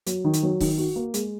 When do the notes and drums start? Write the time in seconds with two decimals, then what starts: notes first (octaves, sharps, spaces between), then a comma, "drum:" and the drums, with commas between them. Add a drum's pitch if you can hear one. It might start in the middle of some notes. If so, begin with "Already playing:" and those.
0.06 F#3, drum: hi-hat
0.24 D#3
0.33 drum: hi-hat
0.43 F#3
0.60 D#3, drum: kick C#1, open hi-hat
0.78 F#4
0.96 A#3
1.14 G#3, drum: hi-hat